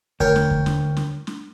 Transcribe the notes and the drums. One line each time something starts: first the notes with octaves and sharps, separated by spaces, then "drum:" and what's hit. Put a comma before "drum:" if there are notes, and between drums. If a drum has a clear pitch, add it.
D2 A#4 C#5 G5, drum: kick E2
drum: snare
drum: kick E2
drum: snare
drum: snare
drum: snare